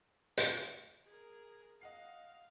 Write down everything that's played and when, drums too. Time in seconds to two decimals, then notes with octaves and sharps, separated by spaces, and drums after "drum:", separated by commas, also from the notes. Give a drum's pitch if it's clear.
0.38 drum: hi-hat
1.06 G#4 A#4
1.81 D#5 F5 F#5 C7